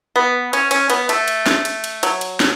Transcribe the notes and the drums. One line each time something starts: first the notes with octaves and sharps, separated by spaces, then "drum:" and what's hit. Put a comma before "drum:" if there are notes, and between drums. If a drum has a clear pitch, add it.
B3
C#4, drum: cymbal
C#4, drum: cymbal
B3, drum: cymbal
A3, drum: cymbal
drum: cymbal
drum: snare
drum: cymbal
drum: cymbal
F#3, drum: cymbal
drum: cymbal
drum: snare